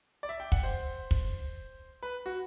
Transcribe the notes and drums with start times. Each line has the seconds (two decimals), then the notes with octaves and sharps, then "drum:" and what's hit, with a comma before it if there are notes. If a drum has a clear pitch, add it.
0.23 D5
0.29 E5
0.40 G5
0.52 F#5, drum: kick
0.63 C5
1.11 drum: kick
2.03 B4
2.26 F#4